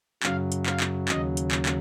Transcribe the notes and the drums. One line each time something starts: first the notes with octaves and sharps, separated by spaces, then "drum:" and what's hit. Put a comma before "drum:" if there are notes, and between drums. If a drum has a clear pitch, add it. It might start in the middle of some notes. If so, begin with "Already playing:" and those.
F#2 C#3 F#3 F5, drum: clap
drum: hi-hat
F5, drum: clap
drum: clap
D#2 C#3 F#3 D#5, drum: clap
drum: hi-hat
drum: clap
drum: clap